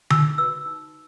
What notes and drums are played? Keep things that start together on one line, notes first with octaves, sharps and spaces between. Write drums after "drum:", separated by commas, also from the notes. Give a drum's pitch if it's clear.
D#4 E6, drum: tom D3
F#4 B4 E6
D#4